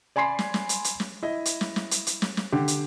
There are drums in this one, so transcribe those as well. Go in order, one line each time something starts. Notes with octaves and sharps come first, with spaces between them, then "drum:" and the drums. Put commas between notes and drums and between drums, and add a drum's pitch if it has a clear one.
D5 G#5 B5 C6 C7
drum: snare
drum: snare
drum: hi-hat
drum: hi-hat
drum: snare
E4 D#5
drum: hi-hat
drum: snare
drum: snare
drum: hi-hat
drum: hi-hat
drum: snare
drum: snare
D3 G4
drum: hi-hat